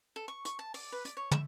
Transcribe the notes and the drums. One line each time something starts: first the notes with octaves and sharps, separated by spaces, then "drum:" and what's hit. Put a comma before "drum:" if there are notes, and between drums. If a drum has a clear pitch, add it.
A4
C#6
C#6, drum: hi-hat
A5
D5, drum: open hi-hat
B4
D5, drum: hi-hat
C#5
E5, drum: tom